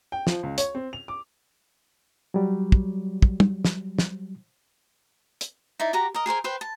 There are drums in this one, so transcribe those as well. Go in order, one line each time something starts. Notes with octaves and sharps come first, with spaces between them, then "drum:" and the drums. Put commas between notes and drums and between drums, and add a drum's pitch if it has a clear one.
G5
F3, drum: snare
C#2
C#5, drum: hi-hat
C4
F7
D6
F#3 G3
drum: kick
drum: kick
drum: tom
drum: snare
drum: snare
drum: hi-hat
D#4 E4 D5
F#4 G4 A#5 D6
A#4 D#5
G#4 A#4 C5 G#5
B4 C5 G5
A5